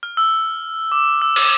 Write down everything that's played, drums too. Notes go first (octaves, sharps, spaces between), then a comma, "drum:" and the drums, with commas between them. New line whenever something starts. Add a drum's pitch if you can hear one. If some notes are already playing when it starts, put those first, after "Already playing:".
F6
E6
D6
E6
D6, drum: cymbal